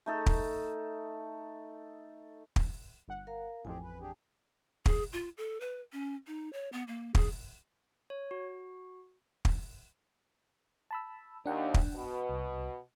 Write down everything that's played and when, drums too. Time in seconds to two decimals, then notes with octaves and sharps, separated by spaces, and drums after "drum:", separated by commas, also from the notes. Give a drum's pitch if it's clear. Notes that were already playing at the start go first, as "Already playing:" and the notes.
0.06 A3 D#4 A4
0.26 drum: kick
2.56 drum: kick
3.08 G1 F#5
3.27 A#4 F5 A#5
3.65 A1 F2 C4 G4 G#4 G#5
3.82 B4
3.99 D4 G4 G#4
4.86 G#4, drum: kick
5.13 F4
5.38 A4
5.60 B4
5.93 C#4
6.27 D#4
6.53 C#5
6.73 B3
6.88 A#3
7.15 G#4, drum: kick
8.10 C#5
8.31 F#4
9.45 drum: kick
10.91 A5 B5 E6
11.46 D#2 D4 F#5 G5
11.74 drum: kick
11.95 B2
12.29 C2